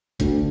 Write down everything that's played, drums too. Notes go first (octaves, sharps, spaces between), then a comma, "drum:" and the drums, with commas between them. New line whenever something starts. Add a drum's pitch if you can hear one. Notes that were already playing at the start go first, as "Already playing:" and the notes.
D2, drum: kick, hi-hat